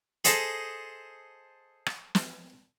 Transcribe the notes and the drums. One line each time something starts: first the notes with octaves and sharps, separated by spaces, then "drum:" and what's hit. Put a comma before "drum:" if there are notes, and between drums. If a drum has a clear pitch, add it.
G#4 A4 C5 D#5 A5, drum: hi-hat
drum: rim click
drum: snare